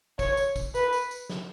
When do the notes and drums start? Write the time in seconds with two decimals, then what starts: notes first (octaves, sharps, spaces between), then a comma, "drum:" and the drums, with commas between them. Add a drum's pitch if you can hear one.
0.19 C#5, drum: kick, tambourine
0.37 drum: tambourine
0.56 drum: kick, tambourine
0.75 B4, drum: tambourine
0.93 drum: tambourine
1.11 drum: tambourine
1.29 drum: snare